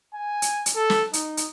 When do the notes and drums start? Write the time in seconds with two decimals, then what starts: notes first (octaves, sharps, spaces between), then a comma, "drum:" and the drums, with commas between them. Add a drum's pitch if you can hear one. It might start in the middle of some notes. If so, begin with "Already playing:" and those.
0.14 G#5
0.42 drum: hi-hat
0.66 drum: hi-hat
0.75 A4
0.90 drum: snare
1.13 D#4, drum: hi-hat
1.37 drum: hi-hat